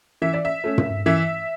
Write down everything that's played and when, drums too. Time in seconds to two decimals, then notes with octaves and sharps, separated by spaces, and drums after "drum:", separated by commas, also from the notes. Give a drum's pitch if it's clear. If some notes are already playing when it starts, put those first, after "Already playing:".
0.22 E3 E5
0.34 D5
0.45 E5
0.64 A3 C#4
0.78 drum: tom
1.06 E3 E5